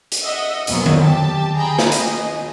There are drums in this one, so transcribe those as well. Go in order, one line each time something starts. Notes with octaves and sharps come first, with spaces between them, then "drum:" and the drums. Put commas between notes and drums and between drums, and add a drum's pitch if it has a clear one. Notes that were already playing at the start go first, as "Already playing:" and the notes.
drum: hi-hat
D#5 E5 F#5
F2 B2 F#3 G#3 A#3 B3, drum: hi-hat
drum: tom D3
G4 A5
G#4 G5 A#5 B5
drum: snare
G#4 D#5, drum: hi-hat